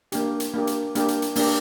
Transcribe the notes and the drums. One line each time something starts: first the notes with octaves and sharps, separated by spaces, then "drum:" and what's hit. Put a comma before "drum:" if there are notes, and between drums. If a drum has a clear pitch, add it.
A#3 D4 G4, drum: hi-hat
drum: hi-hat
A#3 D4 G4
drum: hi-hat
A#3 D4 G4, drum: hi-hat
drum: hi-hat
drum: hi-hat
A#3 D4 G4, drum: open hi-hat